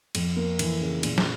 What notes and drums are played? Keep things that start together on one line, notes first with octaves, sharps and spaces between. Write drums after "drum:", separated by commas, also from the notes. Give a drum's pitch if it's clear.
F2, drum: cymbal
A#3
E3, drum: cymbal
C#3
A#2, drum: cymbal
drum: snare